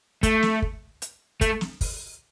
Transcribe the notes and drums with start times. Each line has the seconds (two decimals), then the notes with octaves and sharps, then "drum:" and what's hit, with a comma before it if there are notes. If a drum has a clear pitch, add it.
0.23 A3, drum: kick, hi-hat
0.43 drum: snare
0.62 drum: kick
1.02 drum: hi-hat
1.41 A3, drum: kick, hi-hat
1.61 drum: snare
1.81 drum: kick, open hi-hat